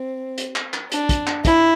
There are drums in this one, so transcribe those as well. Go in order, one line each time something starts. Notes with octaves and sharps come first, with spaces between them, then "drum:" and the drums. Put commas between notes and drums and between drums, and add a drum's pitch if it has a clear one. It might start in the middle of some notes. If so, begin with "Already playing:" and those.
Already playing: C4
drum: hi-hat
drum: clap
drum: clap
D4, drum: hi-hat
drum: kick, hi-hat
drum: clap
E4, drum: kick, hi-hat